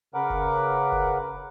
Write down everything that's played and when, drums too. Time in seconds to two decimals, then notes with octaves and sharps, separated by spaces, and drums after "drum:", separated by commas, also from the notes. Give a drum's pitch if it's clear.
0.14 C#3 A#4 B4 F#5 D6
0.30 drum: kick
0.92 drum: kick